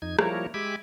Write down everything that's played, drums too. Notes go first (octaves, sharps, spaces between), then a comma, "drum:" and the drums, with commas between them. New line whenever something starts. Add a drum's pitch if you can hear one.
F2 D#4 G#6
F3 G3 A#3 E4 A#4 C#5, drum: rim click
G#3 G4 E5 G#5 B5 D6